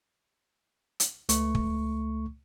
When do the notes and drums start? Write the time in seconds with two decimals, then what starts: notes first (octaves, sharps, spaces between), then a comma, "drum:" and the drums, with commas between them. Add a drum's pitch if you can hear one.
1.00 drum: hi-hat
1.29 C#2 A3 C#6, drum: hi-hat
1.55 drum: kick